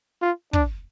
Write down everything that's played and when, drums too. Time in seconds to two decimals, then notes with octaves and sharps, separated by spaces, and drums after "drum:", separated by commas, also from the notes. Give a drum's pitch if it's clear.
0.22 F4
0.53 D4, drum: kick